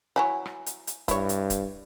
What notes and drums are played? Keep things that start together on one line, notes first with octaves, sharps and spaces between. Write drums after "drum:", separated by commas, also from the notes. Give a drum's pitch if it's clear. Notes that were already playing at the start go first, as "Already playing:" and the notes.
F#3 E4 C#5 G#5
drum: rim click
drum: hi-hat
drum: hi-hat
G2 E4 C#5, drum: kick, hi-hat
drum: hi-hat
drum: kick, hi-hat